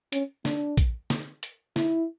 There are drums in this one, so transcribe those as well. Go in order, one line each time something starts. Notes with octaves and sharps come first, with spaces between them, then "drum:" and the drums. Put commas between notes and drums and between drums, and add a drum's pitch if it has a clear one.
C#4, drum: hi-hat
D4, drum: snare
drum: kick A#1, hi-hat
drum: snare
drum: hi-hat
E4, drum: snare